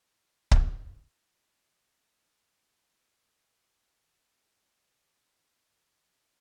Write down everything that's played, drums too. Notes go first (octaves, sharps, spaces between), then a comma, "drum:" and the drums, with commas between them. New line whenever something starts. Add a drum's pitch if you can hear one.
E4 F4
drum: kick C#1
E4
D#5
G#1 A#2 D#3 G3 D5
G#2 C#3 A4